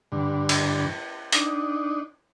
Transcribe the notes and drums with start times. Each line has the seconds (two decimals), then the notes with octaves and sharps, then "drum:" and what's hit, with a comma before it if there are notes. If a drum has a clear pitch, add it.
0.12 G2 D3
0.49 drum: cymbal
1.32 D4 D#4, drum: hi-hat